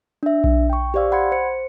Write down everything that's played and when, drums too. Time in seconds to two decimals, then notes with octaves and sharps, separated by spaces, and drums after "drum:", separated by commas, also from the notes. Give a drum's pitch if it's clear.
0.23 D4 E5
0.44 drum: kick B1
0.70 G5 C#6
0.94 G4 C5 D5 F5 E6
1.12 F#5 B5 C6 G#6 C#7
1.32 C5 C#7